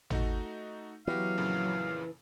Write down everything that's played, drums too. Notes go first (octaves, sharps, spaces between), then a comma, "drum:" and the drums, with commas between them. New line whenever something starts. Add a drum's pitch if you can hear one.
A3 D#4 F#4, drum: tom G#1
E3 F#3 B3 F#4 G4 F5
F2 A#2 C#3